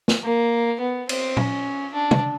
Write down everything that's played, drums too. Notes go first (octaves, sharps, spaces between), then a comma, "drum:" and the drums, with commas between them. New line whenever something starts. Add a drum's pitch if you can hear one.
drum: snare
A#3
B3
C4, drum: cymbal
C#4, drum: tom
D4
drum: tom